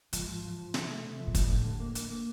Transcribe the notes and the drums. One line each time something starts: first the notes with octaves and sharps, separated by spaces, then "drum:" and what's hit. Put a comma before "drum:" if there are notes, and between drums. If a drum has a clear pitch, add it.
G#2 F3, drum: hi-hat
F3
F3
F3
C3, drum: snare
A3
C3
F3
A#2
A2 G3, drum: kick, hi-hat
D3
D3
A#3
A#3, drum: hi-hat
A#3